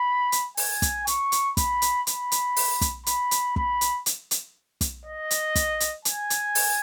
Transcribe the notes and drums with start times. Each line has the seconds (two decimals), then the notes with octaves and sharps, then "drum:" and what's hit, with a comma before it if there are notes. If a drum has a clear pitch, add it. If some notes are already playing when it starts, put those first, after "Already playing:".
Already playing: B5
0.32 drum: hi-hat
0.57 G#5, drum: open hi-hat
0.82 drum: kick, hi-hat
1.07 C#6, drum: hi-hat
1.32 drum: hi-hat
1.57 B5, drum: kick, hi-hat
1.82 drum: hi-hat
2.07 B5, drum: hi-hat
2.32 drum: hi-hat
2.56 drum: open hi-hat
2.81 drum: kick, hi-hat
3.06 B5, drum: hi-hat
3.31 drum: hi-hat
3.56 B5, drum: kick
3.81 drum: hi-hat
4.06 drum: hi-hat
4.31 drum: hi-hat
4.81 drum: kick, hi-hat
5.06 D#5
5.31 drum: hi-hat
5.55 drum: kick, hi-hat
5.80 drum: hi-hat
6.05 G#5, drum: hi-hat
6.30 drum: hi-hat
6.55 drum: open hi-hat